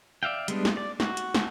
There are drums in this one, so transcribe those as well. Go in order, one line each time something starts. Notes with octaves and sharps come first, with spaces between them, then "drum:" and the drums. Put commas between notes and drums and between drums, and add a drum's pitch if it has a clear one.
D5 E5 F5 G5
G3 G#3 B3 D4, drum: hi-hat
drum: snare
D5
F#4, drum: snare
drum: hi-hat
drum: snare